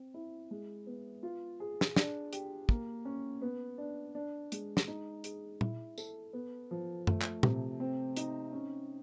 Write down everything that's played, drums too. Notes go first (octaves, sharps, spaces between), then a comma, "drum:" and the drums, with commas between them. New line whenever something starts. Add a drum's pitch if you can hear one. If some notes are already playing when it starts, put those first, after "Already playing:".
Already playing: C4
E4
G#3
B3
F4
G#4
drum: snare
D4, drum: snare
G4, drum: hi-hat
A#3, drum: kick
C#4
B3
D4
D4
G#3, drum: hi-hat
drum: snare
D#4
G#4, drum: hi-hat
E4, drum: tom
A4, drum: tambourine
B3
F3
A3, drum: tom F#2
drum: clap
C3, drum: tom
C4
D#4, drum: hi-hat
C#4